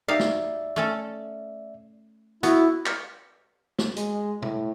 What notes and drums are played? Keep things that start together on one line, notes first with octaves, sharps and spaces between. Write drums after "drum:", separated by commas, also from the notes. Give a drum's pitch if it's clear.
D#4 G4 D5 E5 F5
drum: snare
A3 C#4 A4
B3 E4 F#4, drum: hi-hat
drum: clap
drum: snare
G#3, drum: hi-hat
A2, drum: tom